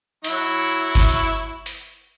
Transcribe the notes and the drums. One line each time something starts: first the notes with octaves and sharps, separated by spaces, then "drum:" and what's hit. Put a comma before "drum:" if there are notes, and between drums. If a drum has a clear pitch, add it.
F#3 E4 C#6, drum: hi-hat
drum: kick G1, open hi-hat
drum: hi-hat